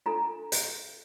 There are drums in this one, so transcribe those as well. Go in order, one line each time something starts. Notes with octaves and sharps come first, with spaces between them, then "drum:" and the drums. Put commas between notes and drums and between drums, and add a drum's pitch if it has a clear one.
D4 F4 A4 A#5
drum: hi-hat